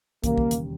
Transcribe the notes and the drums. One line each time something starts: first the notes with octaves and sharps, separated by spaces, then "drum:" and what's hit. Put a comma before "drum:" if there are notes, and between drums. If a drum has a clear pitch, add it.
E1 D#2 C#3 G3 A#3, drum: kick, hi-hat
drum: kick
drum: hi-hat